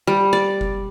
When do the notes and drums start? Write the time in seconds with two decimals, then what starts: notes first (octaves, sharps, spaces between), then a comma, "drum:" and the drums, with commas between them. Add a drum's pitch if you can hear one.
0.07 G3
0.33 D5
0.61 drum: kick F#1